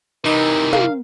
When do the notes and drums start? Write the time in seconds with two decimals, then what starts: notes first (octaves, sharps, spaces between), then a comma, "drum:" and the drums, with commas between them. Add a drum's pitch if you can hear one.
0.25 C3 E3 D#4 A#4
0.73 F5, drum: tom